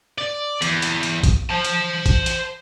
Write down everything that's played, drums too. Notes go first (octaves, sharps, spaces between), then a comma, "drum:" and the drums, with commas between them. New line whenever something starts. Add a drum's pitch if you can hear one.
D5
E2, drum: hi-hat
drum: hi-hat
drum: hi-hat
drum: kick, hi-hat
C5 A5
drum: hi-hat
drum: kick, hi-hat
drum: hi-hat